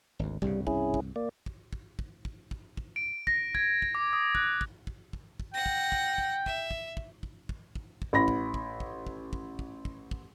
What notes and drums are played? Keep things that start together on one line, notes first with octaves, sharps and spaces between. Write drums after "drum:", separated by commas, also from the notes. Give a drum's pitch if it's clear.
G#1 D2
C2 G2 C#3 G3, drum: kick
C#4 E4 G#4, drum: kick
drum: kick
A#3 D5
drum: kick
drum: kick
drum: kick
drum: kick
drum: kick
drum: kick
D7
A#6, drum: kick
G#6, drum: kick
drum: kick
D6
D#6
F#6, drum: kick
drum: kick
drum: kick
drum: kick
drum: kick
F#5 G5 A#6
drum: kick
drum: kick
drum: kick
E5, drum: kick
drum: kick
drum: kick
drum: kick
drum: kick
drum: kick
drum: kick
A1 B5 A#6
drum: kick
drum: kick
drum: kick
drum: kick
drum: kick
drum: kick
drum: kick
drum: kick